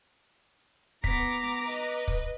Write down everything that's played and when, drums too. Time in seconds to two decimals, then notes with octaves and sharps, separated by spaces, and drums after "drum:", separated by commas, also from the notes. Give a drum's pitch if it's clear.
1.04 B3 A#5 D6 B6, drum: kick
1.62 B4 D#5
2.08 drum: kick